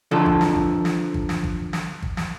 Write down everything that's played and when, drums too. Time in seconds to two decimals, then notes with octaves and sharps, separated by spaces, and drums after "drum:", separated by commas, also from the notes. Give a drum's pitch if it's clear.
0.11 D3 F3 A4
0.26 drum: kick G#1
0.41 drum: snare
0.55 drum: kick G#1
0.85 drum: snare
1.14 drum: kick G#1
1.29 drum: snare
1.44 drum: kick G#1
1.73 drum: snare
2.02 drum: kick G#1
2.17 drum: snare